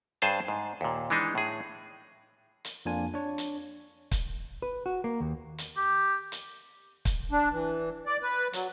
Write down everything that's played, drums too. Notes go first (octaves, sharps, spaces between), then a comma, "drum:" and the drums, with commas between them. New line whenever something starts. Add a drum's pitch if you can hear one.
G2 G#4 C5 A5
G#2
D#2 A#2
E3 G#3 D4 D#4
A2 G#4
drum: hi-hat
F2 A#3 D4 F4 G#5
D4 C#5
drum: hi-hat
drum: kick, hi-hat
B4
F#4
A#3
D#2
drum: hi-hat
G4
drum: hi-hat
drum: kick, hi-hat
D4
E3
D5
B4
F#3, drum: hi-hat